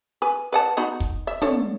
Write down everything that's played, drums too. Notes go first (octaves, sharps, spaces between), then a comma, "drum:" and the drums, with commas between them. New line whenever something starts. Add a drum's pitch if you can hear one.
B4 G#5
B4 F#5 A5
B3 D#4 F#4
drum: kick
E5
D3 A4 C#5, drum: tom